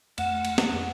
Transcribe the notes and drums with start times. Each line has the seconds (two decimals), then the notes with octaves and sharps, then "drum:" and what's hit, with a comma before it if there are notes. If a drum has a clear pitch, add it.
0.18 F2 A3 F#5, drum: cymbal
0.45 drum: cymbal
0.58 drum: snare